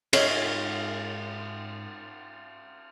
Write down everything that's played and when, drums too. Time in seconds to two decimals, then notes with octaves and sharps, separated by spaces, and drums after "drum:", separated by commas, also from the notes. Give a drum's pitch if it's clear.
0.13 G#2 G#4 C#5 E5, drum: cymbal